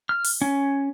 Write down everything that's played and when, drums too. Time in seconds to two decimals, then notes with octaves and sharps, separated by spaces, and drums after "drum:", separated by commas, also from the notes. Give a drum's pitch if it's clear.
0.09 F6
0.25 drum: open hi-hat
0.42 C#4